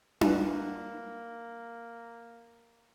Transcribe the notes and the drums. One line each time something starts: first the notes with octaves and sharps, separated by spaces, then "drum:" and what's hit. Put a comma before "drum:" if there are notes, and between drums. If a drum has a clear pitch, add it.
G3 A#3 F4 B4 F#5 G#5 A5, drum: tom D4